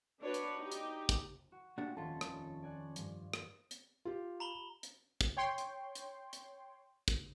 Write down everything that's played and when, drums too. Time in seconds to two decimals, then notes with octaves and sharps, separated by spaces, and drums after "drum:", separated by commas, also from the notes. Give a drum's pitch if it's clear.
0.22 D4 F#4 B4 C#5
0.34 drum: hi-hat
0.59 D#4 G4
0.72 drum: hi-hat
1.09 drum: kick, hi-hat
1.52 F#4
1.78 A#2 A3 D4 F#4 G4
1.97 D#1 F2 C#4 F4 A4 G#5 B5
2.21 drum: rim click
2.63 D5 G#5 F#6
2.96 G2 F3, drum: hi-hat
3.33 drum: rim click
3.71 drum: hi-hat
4.05 F4 G4
4.40 A#5 B5 G7
4.83 drum: hi-hat
5.21 drum: kick, hi-hat
5.37 C#5 G5 C6
5.58 drum: hi-hat
5.95 drum: hi-hat
6.33 drum: hi-hat
7.08 drum: kick, hi-hat